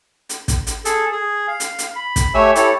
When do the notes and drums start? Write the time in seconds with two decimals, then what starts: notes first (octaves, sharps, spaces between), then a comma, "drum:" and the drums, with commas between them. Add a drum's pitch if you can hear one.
0.29 drum: hi-hat
0.48 drum: kick, hi-hat
0.67 drum: hi-hat
0.85 G#4 A4, drum: hi-hat
1.12 G#4
1.48 F5
1.60 drum: hi-hat
1.79 drum: hi-hat
1.96 B5
2.16 drum: kick, hi-hat
2.34 A3 G4 C#5 E5 G#5 E6
2.55 E4 G4 A4 C#5, drum: hi-hat